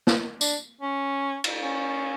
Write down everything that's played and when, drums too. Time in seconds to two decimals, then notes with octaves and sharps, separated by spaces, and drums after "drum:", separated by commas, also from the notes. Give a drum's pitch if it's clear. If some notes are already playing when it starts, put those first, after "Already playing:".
0.07 drum: snare
0.41 D4, drum: tambourine
0.81 C#4
1.44 drum: cymbal
1.62 C#4